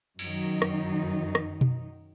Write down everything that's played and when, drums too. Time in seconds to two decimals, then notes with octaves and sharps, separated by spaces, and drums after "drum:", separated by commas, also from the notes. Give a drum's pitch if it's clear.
0.19 F#2 D#3 F#3 D#4, drum: cymbal
0.62 drum: rim click
1.35 drum: rim click
1.61 drum: tom B2